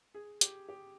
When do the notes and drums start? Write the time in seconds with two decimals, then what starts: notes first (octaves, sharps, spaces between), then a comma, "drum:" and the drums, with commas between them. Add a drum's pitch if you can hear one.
0.14 G#4
0.41 G4, drum: hi-hat
0.69 G4